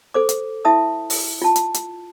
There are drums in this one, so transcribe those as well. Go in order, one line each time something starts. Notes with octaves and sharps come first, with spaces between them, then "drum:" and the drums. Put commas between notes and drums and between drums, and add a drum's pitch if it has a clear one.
A4 C5 D6
drum: hi-hat
E4 E5 A5 D#6
drum: open hi-hat
F4 A5
drum: hi-hat
drum: hi-hat